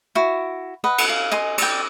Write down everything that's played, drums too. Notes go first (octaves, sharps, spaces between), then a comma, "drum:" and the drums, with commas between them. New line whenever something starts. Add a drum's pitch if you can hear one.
E4 F#4
B4 D#5 F#5
drum: cymbal
F5
D#5 G#5 C6
D5 G5, drum: cymbal